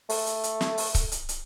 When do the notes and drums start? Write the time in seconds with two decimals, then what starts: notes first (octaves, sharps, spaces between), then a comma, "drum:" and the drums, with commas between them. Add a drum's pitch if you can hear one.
0.09 A3, drum: open hi-hat
0.27 drum: hi-hat
0.44 drum: hi-hat
0.61 drum: snare
0.78 drum: open hi-hat
0.95 drum: kick C#1, hi-hat
1.12 drum: hi-hat
1.29 drum: hi-hat